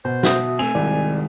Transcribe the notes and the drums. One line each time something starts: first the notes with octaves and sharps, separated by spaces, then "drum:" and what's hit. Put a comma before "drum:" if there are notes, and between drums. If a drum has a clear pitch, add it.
B2 C5
F#4 E5 D#6, drum: snare
A3 C4 G#5 F7
C2 D#3 G#3 D5